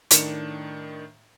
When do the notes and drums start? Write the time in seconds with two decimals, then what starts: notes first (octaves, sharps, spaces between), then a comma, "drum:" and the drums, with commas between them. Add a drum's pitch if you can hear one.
0.11 A2 D#3 D4 C#7 E7, drum: hi-hat